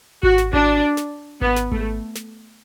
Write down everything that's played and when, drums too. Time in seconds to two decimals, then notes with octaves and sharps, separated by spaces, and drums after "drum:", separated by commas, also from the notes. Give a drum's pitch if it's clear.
0.23 F#4, drum: kick G#1
0.38 drum: snare
0.53 D4, drum: kick G#1
0.97 drum: snare
1.41 B3, drum: kick G#1
1.56 drum: snare
1.72 A3, drum: kick G#1
2.15 drum: snare